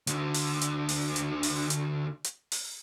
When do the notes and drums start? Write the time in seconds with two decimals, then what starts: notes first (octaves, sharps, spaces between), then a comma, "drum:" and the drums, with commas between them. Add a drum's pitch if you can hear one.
0.07 D2 D3, drum: hi-hat
0.34 drum: open hi-hat
0.61 drum: hi-hat
0.89 drum: open hi-hat
1.16 drum: hi-hat
1.43 drum: open hi-hat
1.70 drum: hi-hat
2.24 drum: hi-hat
2.52 drum: open hi-hat